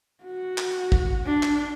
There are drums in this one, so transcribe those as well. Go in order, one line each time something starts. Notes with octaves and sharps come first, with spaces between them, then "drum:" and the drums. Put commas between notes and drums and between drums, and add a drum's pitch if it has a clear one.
F#4
drum: clap
drum: kick
D4
drum: clap